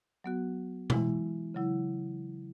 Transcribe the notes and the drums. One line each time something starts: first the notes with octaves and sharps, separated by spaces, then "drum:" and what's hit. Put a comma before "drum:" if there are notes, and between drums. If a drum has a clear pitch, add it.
F#3 B3 F#4
E3 G#3 E4, drum: tom B2
C#3 F#3 E4